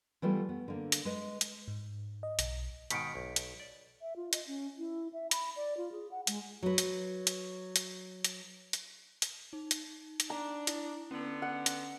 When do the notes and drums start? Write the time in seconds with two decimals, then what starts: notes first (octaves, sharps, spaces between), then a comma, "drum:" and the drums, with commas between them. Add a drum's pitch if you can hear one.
0.22 E3 G3 A3 B3 F4
0.49 B3
0.68 D3 A#3
0.92 drum: hi-hat
1.05 G#3 B4
1.41 drum: hi-hat
1.68 G#2
2.23 D#5
2.39 B1, drum: hi-hat
2.90 G#2 B2 D#3 B6 C#7 D7, drum: hi-hat
3.15 B1
3.36 drum: hi-hat
3.60 D5
4.01 E5
4.16 F4
4.33 D#5, drum: hi-hat
4.47 C#4
4.79 E4
5.13 E5
5.31 B5, drum: hi-hat
5.56 D5
5.77 F4
5.92 G#4
6.11 F#5
6.27 G#3, drum: hi-hat
6.63 F#3 B4
6.78 drum: hi-hat
7.27 drum: hi-hat
7.76 drum: hi-hat
8.24 drum: hi-hat
8.73 drum: hi-hat
9.22 drum: hi-hat
9.53 D#4
9.71 drum: hi-hat
10.20 drum: hi-hat
10.30 D4 A#5
10.67 E4, drum: hi-hat
11.11 D3 B3 C#4
11.42 F#5
11.66 drum: hi-hat